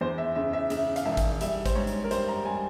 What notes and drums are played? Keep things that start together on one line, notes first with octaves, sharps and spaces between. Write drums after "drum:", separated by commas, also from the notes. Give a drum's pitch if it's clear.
E2 C5
E5
C#3 E5
E5
C#3 E5, drum: hi-hat
F5, drum: hi-hat
E1 E5
drum: kick G#1, hi-hat
G3 E5, drum: hi-hat
C5, drum: kick G#1, hi-hat
G#2 C#5
drum: hi-hat
A#4
G3 C5, drum: hi-hat
A#5
G3 G#5